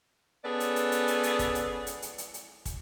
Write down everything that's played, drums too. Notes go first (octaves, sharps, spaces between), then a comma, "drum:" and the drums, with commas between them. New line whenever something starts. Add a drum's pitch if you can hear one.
B3 C#4 G#4 A4 B4 D5
drum: hi-hat
drum: hi-hat
drum: hi-hat
drum: hi-hat
drum: hi-hat
drum: kick, hi-hat
drum: hi-hat
drum: hi-hat
drum: hi-hat
drum: hi-hat
drum: hi-hat
drum: kick, hi-hat